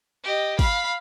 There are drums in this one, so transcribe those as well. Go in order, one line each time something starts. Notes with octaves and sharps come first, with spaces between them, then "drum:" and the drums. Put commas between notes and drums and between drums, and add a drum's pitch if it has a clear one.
G4 D#5
F5 B5, drum: kick, open hi-hat